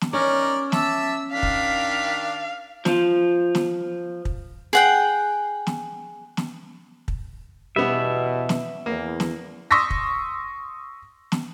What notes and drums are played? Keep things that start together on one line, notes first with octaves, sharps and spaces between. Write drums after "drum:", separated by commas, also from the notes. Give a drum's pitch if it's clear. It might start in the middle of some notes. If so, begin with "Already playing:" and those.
drum: snare
C#4 D#4 A#4 D5
E5 A5 D6 E6, drum: snare
D#3 D4 F5 B6
drum: kick
F3 F4, drum: snare
drum: snare
drum: kick
G#4 F#5 G5
drum: snare
drum: snare
drum: kick
E2 B2 G3 B3 E5
drum: snare
E2 A#3
drum: snare
C6 C#6 D#6 E6 A#6 B6
drum: kick
drum: snare